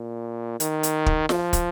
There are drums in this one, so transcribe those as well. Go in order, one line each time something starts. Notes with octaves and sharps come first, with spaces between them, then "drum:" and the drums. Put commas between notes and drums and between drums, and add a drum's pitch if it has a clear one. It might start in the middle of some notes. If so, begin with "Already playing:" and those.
Already playing: A#2
D#3, drum: hi-hat
drum: hi-hat
drum: kick
F3, drum: snare
drum: kick, hi-hat